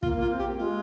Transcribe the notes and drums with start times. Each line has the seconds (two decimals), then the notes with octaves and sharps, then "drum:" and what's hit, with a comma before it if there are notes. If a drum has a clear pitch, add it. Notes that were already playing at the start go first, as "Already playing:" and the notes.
0.03 A#3 F4, drum: kick
0.17 A#3 F4
0.31 C4
0.39 G4
0.44 A#3
0.58 G#3 F4